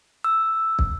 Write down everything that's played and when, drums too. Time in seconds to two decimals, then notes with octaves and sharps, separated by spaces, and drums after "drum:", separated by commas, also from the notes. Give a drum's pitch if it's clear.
0.24 E6
0.79 drum: kick